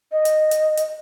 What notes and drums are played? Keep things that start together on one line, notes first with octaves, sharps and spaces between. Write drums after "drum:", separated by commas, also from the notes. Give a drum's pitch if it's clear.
D#5
drum: hi-hat
drum: hi-hat
drum: hi-hat